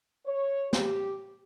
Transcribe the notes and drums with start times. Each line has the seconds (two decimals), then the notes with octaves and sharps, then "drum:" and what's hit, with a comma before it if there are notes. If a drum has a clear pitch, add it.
0.26 C#5
0.73 G4, drum: snare